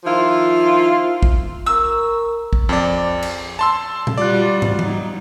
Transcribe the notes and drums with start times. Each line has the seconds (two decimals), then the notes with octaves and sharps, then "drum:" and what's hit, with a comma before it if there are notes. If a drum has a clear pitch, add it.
0.05 D#3 F3 E4 F4
1.23 drum: kick
1.66 A#4 A#5 C#6 E6
2.53 drum: kick
2.69 F2 D5
3.22 drum: cymbal
3.59 A5 C6 E6
4.07 drum: tom
4.18 G3 F4 F#4 D5 F#6
4.62 drum: tom
4.79 F#3 D#4, drum: tom